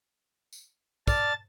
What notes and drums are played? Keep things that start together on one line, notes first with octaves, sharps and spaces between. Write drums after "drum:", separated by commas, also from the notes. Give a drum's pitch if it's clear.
drum: tambourine
D5 A5 F6 A6, drum: kick, tambourine